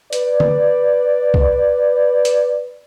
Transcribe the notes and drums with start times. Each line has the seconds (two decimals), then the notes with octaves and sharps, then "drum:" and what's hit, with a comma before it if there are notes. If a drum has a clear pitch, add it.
0.13 B4 D5, drum: hi-hat
0.40 drum: tom D3
1.34 drum: kick
2.25 drum: hi-hat